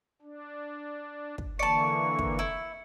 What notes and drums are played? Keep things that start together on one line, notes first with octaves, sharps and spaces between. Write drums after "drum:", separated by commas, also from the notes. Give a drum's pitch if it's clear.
D4
drum: kick
D3 E3 A#3 D5 A5 C#6 C#7
drum: kick
E4